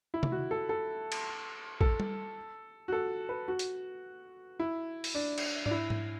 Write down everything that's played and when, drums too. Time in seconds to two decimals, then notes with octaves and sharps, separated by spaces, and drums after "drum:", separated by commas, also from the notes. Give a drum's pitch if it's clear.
0.14 E4
0.23 drum: tom
0.32 F#4
0.51 A4
0.69 A4
1.12 drum: cymbal
1.81 A4, drum: kick A1
2.00 drum: tom G3
2.88 F#4
2.92 A4
3.29 B4
3.48 F#4
3.59 drum: hi-hat
4.59 E4
5.04 drum: open hi-hat
5.15 D4
5.38 drum: cymbal
5.66 D4, drum: tom G#2
5.71 E4
5.90 drum: tom G#2